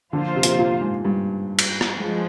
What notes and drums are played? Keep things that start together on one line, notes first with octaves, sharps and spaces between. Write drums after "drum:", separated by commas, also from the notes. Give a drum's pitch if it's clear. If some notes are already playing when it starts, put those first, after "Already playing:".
D3 F3 A#3 F4 C5
C3
A#2, drum: hi-hat
C3
A#2
G#2
G2
drum: cymbal
drum: rim click
F3 G#3